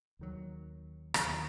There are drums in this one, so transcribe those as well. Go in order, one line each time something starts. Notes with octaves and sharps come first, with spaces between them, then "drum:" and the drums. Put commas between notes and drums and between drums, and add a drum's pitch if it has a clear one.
D#2 D#3 F#3
D#2 D#3 F#3, drum: rim click